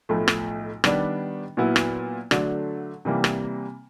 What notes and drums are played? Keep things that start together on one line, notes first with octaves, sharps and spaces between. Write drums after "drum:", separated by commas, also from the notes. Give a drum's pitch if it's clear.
B1 A2 F3 A3
drum: rim click
D#3 G3 B3 D4, drum: rim click
A#2 F#3 B3 E4
drum: rim click
D3 F#3 A3 D4, drum: rim click
C3 E3 G3 A#3
drum: rim click